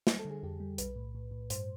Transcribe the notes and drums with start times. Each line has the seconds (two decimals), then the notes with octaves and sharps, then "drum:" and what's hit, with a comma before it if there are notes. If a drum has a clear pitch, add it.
0.07 G3, drum: snare
0.19 A4
0.25 D3
0.30 G#4
0.43 F2 G4
0.60 G3
0.78 B1 B4, drum: hi-hat
0.96 A2
1.15 A2
1.31 A2
1.50 G2 C5, drum: hi-hat